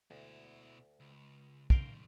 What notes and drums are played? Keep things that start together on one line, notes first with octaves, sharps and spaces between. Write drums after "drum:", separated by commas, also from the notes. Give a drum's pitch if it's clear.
D2 B2 E4
C#2
F#2 D#3 A#4 F5 G5, drum: kick